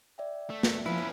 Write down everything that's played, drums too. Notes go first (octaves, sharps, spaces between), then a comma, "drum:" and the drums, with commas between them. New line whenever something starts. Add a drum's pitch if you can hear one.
D5 E5 G5
A3
drum: snare
F3 C#4 E4 A4 B4
B3